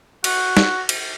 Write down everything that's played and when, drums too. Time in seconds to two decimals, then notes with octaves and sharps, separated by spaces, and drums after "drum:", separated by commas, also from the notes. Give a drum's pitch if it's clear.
0.24 F#4, drum: cymbal
0.57 drum: snare
0.89 drum: cymbal